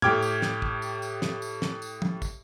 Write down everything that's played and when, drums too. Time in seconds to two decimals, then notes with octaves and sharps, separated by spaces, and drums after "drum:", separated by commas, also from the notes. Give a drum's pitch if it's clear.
0.02 A2 G4 G5 D6 F6 G#6, drum: tom
0.22 drum: tambourine
0.42 drum: snare
0.62 drum: kick
0.82 drum: tambourine
1.02 drum: tambourine
1.22 drum: snare
1.42 drum: tambourine
1.62 drum: snare
1.82 drum: tambourine
2.02 drum: tom
2.22 drum: kick, tambourine